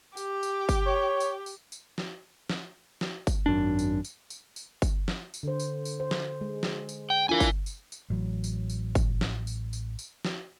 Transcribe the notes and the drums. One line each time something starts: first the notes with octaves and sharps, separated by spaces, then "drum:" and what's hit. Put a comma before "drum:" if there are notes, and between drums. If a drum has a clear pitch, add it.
G4, drum: tambourine
drum: tambourine
drum: kick G1, tambourine
C#5
drum: tambourine
drum: tambourine
drum: tambourine
drum: snare
drum: snare
drum: snare
drum: kick G1, tambourine
G#1 F#2 D4
drum: tambourine
drum: tambourine
drum: tambourine
drum: tambourine
drum: kick G1, tambourine
drum: snare
drum: tambourine
D3 C5
drum: tambourine
drum: tambourine
C5
drum: snare
G#3
drum: snare
drum: tambourine
G5
D4 E4 F4 A#4 G#5
drum: kick G1, tambourine
drum: tambourine
drum: tambourine
A1 F#3
drum: tambourine
drum: tambourine
drum: kick G1, tambourine
drum: snare
drum: tambourine
drum: tambourine
drum: tambourine
drum: snare